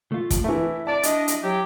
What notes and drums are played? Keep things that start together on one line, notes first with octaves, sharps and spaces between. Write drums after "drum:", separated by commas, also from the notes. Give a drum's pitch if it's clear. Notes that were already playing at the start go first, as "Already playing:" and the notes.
A3 F4
drum: kick, hi-hat
E3 A3 E4
D5 A5
D4 D#5, drum: hi-hat
drum: hi-hat
F#3 G4